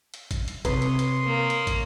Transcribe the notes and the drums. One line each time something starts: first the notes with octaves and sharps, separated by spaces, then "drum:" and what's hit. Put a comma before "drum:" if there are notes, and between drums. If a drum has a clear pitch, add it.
drum: hi-hat
drum: kick, hi-hat
drum: hi-hat
C3 B4 C#5 C6 D#6, drum: kick, hi-hat
drum: hi-hat
drum: hi-hat
A#3
drum: hi-hat
drum: kick, hi-hat